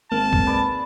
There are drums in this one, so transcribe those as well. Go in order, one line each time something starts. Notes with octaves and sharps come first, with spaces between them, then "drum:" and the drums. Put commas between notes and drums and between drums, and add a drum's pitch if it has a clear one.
G#1 A#3 A5
drum: kick
G#4 B4 D5